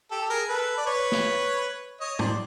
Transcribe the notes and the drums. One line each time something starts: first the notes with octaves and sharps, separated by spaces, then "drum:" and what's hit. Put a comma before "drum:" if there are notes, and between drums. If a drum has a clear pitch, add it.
G4 A4
A4
G#4 A#4
A4 B4
D5
B4 C#5
drum: snare
C#5 D#5
C5 D5, drum: tom G#2